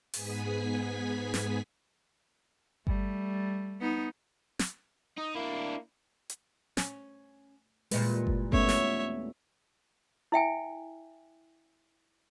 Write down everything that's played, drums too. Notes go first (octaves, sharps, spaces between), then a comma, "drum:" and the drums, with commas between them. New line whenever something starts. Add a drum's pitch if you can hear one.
G#2 B3 G#4 G#5 B6, drum: open hi-hat
drum: snare
G3 A3, drum: kick G1
B3 D#4
drum: snare
D#4 D#5
A#3 D4 E4
drum: hi-hat
C#4, drum: snare
E2 A#2 G3 G#3 B4, drum: open hi-hat
drum: kick G1
A3 B3 C#4 C#5 E5, drum: kick G1
drum: snare
E4 E5 G5 G#5